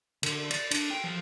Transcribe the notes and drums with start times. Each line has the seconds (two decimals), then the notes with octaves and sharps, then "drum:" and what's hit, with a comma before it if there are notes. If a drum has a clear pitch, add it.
0.23 D3, drum: cymbal
0.51 D5, drum: cymbal
0.71 D4, drum: cymbal
0.91 G5
1.04 F3